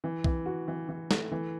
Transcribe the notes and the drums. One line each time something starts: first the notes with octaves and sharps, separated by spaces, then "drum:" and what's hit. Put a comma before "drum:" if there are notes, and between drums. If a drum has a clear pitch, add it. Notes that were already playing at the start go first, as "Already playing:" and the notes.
E3
E3, drum: kick B1
F#4
E3
E3
A3, drum: snare
E3